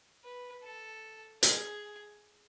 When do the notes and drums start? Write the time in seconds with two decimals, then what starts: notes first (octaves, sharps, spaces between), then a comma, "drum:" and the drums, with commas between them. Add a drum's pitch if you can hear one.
0.24 B4
0.64 A4
1.43 G#4, drum: hi-hat